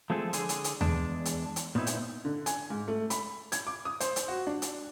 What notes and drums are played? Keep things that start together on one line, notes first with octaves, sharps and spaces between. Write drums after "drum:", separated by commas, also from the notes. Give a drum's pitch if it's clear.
F3 G#3 A3 C4 G#4 A4
D3 G#4, drum: hi-hat
drum: hi-hat
drum: hi-hat
E2 G#3 D4, drum: tom D#2
drum: hi-hat
drum: hi-hat
A#2 B3 C4 D#4 E4
drum: hi-hat
D3
G#5, drum: hi-hat
G#2
A3
B5, drum: hi-hat
G#6, drum: hi-hat
D6
D#6
C5, drum: hi-hat
drum: hi-hat
F#4
D4
drum: hi-hat